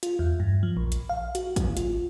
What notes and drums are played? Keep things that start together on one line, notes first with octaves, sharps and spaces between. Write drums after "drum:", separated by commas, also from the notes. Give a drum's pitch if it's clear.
F4, drum: hi-hat
E2
G2
F3
A#1
drum: hi-hat
F5
F#4, drum: hi-hat
drum: kick, hi-hat
F4, drum: hi-hat